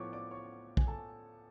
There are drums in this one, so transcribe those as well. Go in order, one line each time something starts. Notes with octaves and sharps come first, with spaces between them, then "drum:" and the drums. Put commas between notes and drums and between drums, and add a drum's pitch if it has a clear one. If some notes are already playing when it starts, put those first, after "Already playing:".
Already playing: A2 F3 B3 F4 C#5 C#6 D6
D5 D6
C#5 C#6
G#5, drum: kick
A4 A5